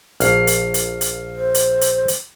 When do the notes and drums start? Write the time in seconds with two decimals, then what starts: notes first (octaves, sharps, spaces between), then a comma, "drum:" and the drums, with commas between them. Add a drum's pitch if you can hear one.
0.20 A#1 F5 F6, drum: hi-hat
0.47 drum: hi-hat
0.74 drum: hi-hat
1.01 drum: hi-hat
1.35 C5
1.54 drum: hi-hat
1.81 drum: hi-hat
2.08 drum: hi-hat